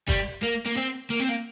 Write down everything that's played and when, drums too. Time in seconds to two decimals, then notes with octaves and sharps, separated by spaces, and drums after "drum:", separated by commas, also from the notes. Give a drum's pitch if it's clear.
0.09 G3, drum: kick, open hi-hat
0.43 A#3
0.66 A#3
0.77 C4, drum: hi-hat
1.10 A#3
1.20 C4
1.29 A#3